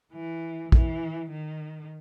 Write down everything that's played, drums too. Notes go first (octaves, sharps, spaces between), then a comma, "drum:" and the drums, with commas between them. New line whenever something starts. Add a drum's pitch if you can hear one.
E3
E3, drum: kick A#1
D#3